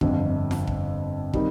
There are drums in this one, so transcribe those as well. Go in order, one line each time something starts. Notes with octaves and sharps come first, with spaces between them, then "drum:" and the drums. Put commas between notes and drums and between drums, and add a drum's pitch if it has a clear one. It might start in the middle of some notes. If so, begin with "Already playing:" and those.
G1 F2 D3, drum: kick
drum: snare F4
drum: kick
D#3 G3 C4 D#4, drum: kick